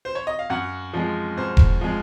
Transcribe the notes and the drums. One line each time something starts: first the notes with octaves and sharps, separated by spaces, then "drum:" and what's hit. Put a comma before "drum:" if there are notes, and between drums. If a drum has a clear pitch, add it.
C5
C#5
D#5
F5
F#2 F#5
F3 G#3
F#2 C5
drum: kick E1
F3 G#3